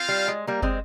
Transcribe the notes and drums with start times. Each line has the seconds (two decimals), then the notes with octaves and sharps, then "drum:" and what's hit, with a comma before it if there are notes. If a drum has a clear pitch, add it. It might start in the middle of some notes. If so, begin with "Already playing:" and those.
Already playing: C4 F4 C5 F5
0.09 G3
0.28 G#3
0.47 G3 A#3
0.62 G#3 C4, drum: kick